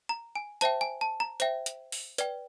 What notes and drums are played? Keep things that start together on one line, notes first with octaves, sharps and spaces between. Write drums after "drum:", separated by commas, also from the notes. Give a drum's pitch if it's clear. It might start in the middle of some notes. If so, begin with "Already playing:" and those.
A#5
G#5
C5 E5 G5 A5, drum: hi-hat
G#5
A5
A#5
C5 E5 G5, drum: hi-hat
drum: hi-hat
drum: open hi-hat
B4 D5 G5, drum: hi-hat